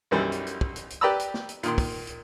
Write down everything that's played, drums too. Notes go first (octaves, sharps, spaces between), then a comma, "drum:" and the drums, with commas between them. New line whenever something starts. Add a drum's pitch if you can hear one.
B1 F#2 E3 G3
drum: hi-hat
drum: hi-hat
drum: kick
drum: hi-hat
drum: hi-hat
G4 B4 D5 A#5 B5 E6
drum: hi-hat
drum: snare
drum: hi-hat
A#2 D#3 C6, drum: hi-hat
drum: kick, open hi-hat
drum: hi-hat